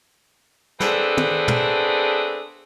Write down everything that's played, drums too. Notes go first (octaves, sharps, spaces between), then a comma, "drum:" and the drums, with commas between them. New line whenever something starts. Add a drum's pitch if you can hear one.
A3 B3 C4 D4 G#4 A4, drum: snare
drum: tom
drum: tom